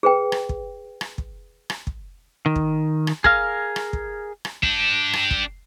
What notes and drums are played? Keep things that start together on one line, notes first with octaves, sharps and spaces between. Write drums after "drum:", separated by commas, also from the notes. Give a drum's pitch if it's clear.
G#4 B4 G5
drum: rim click
drum: kick
drum: rim click
drum: kick
drum: rim click
drum: kick
D#3
drum: kick
drum: rim click
G#4 A#4 F5, drum: kick
drum: rim click
drum: kick
drum: rim click
D4 G4, drum: kick
drum: rim click
drum: kick